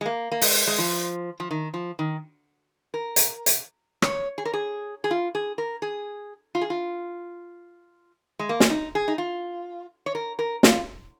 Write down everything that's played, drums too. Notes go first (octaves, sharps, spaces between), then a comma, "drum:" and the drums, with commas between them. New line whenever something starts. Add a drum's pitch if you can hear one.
G#3
A#3
A#3
G#3, drum: open hi-hat
G#3
F3
F3
D#3
F3
D#3
A#4
drum: hi-hat
drum: hi-hat
C#5, drum: rim click
G#4
A#4
G#4
G#4
F4
G#4
A#4
G#4
F4
G#4
F4
G#3
A#3
C#4, drum: snare
D#4
G#4
D#4
F4
C#5
A#4
A#4
F4, drum: snare